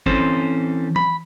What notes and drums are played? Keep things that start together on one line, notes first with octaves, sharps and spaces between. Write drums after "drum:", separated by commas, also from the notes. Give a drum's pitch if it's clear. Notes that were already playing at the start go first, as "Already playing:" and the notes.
E3 C4 C#4 A4 C5, drum: kick F#1
B5, drum: tom E3